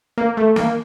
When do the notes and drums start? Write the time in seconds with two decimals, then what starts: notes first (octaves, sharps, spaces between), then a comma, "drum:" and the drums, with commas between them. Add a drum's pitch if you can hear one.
0.18 A#3
0.37 A3
0.56 A#3, drum: snare